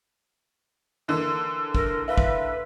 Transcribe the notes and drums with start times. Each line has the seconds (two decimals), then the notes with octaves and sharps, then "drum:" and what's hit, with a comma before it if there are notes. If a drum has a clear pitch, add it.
1.08 D3 E3 A#3
1.75 A#4, drum: kick
2.08 B4 E5 F5
2.18 drum: kick